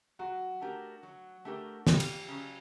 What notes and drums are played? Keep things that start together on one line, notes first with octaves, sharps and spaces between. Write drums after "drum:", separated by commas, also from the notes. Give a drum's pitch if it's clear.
F#3 F#4
A3 D4 G4 A#4
F#3
A3 D4 G4 A#4
F2 G4, drum: snare
drum: cymbal
C#3 F#3